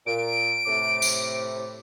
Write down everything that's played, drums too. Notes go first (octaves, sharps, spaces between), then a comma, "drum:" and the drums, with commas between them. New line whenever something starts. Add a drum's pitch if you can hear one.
A#2 D7
A2 C3 D6
drum: tambourine